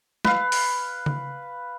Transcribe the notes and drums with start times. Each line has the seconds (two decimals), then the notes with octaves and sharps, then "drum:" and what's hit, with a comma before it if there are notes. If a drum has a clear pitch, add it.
0.25 B4 F5, drum: snare
0.52 drum: open hi-hat
1.06 drum: tom C#3